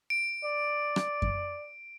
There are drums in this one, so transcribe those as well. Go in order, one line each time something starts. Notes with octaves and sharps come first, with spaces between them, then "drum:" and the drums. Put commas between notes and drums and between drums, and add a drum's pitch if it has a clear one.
D7
D5
drum: rim click
drum: kick F#2